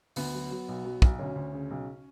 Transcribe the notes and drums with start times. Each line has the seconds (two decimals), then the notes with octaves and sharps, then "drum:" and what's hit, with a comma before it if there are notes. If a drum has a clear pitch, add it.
0.16 D2 B3, drum: open hi-hat
0.34 F#3
0.51 F#3
0.68 B1
0.85 F#3
1.02 B1, drum: kick
1.19 D2 C#4
1.35 D2
1.53 C#3
1.70 B1